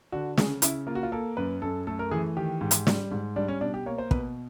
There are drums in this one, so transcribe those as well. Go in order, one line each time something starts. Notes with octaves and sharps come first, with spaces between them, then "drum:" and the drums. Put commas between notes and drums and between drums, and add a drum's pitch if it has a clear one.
D3 F#4
C#3 G#4, drum: snare
C#3 E4, drum: hi-hat
A#3 F4
F#4
F4
A#3 A4
F#2 B4
F#2 A4
A3 A4
A#4
E3 G#4
D#3 G4
G#2
drum: hi-hat
G3, drum: snare
G#2
G3 D4
C#4
B2 D4
G4
A#3 C#5
C5
B2 B4, drum: kick